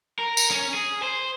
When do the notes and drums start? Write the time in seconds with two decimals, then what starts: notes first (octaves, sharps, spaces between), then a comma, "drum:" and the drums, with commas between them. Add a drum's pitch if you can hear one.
0.19 A#4
0.37 drum: tambourine
0.51 C#4
0.74 G#4
1.03 C5